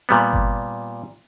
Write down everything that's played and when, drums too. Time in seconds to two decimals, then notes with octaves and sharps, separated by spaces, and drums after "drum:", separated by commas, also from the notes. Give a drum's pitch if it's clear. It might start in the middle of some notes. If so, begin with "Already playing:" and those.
0.09 A#2 G3 B3
0.33 drum: kick G1